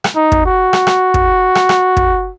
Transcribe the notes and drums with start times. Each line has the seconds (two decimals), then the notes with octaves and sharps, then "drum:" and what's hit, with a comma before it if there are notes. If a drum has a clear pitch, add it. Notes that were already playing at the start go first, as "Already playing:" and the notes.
0.04 drum: rim click
0.16 D#4
0.32 drum: kick
0.45 F#4
0.73 drum: rim click
0.87 drum: rim click
1.14 drum: kick
1.55 drum: rim click
1.69 drum: rim click
1.97 drum: kick